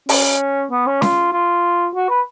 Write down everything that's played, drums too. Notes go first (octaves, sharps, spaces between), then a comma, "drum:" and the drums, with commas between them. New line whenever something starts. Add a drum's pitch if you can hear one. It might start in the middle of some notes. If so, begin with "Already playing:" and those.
C#4, drum: open hi-hat
B3
C#4
F4, drum: snare C#4
F4
F#4
B4